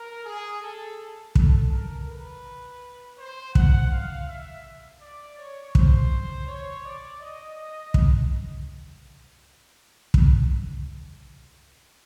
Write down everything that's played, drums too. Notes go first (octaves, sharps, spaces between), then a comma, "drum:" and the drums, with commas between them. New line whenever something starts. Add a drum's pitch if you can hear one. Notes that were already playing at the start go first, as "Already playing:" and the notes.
Already playing: A#4
G#4
A4
A4, drum: kick
A#4
B4
C5
F#5, drum: kick
F5
E5
D5
C#5
C5, drum: kick
C#5
D5
D#5
D#5
drum: kick
drum: kick